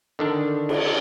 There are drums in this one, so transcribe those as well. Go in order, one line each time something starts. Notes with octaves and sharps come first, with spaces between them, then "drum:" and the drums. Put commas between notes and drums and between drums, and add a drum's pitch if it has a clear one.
D3 D#3 D4
drum: cymbal